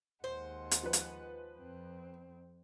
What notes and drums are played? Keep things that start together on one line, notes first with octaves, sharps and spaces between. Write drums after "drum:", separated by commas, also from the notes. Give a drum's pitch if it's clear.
D#2 G#3 C5 F#5
drum: hi-hat
F3 B4
drum: hi-hat
F2 C4